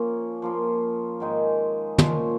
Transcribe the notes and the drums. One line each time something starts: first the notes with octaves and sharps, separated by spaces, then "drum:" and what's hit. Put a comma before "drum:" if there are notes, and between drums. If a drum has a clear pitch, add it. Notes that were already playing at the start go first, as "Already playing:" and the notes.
Already playing: F3 A#3 C#4
F3 A#3 F4
G#2 D#3 G#3 D#4
A#2 F3 G#3 C#4, drum: tom